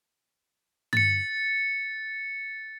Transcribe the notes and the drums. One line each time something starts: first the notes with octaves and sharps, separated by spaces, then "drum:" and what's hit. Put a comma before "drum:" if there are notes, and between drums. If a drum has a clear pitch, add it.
A6 C#7, drum: tom G2